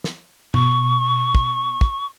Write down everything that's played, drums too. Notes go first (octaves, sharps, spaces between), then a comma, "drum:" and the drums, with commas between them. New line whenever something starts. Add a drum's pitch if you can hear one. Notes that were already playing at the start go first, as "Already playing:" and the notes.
drum: snare
B2 C#6, drum: tom
drum: kick
drum: kick